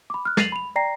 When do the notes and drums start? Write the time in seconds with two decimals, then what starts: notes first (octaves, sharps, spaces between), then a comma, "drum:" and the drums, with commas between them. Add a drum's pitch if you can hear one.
0.10 B5 D6
0.25 F6 F#6
0.37 A6 C7 D#7 F7 F#7, drum: snare
0.52 B5 F7
0.76 D5 G5 A#5 A#6 C7